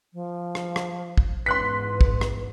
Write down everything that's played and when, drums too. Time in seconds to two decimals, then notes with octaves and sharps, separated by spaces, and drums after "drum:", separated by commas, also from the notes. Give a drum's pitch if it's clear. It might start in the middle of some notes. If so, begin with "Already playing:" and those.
0.14 F3
0.55 drum: rim click
0.76 drum: rim click
1.18 drum: kick
1.46 E2 G#2 B4 C6 F#6 B6
2.01 drum: kick
2.21 drum: rim click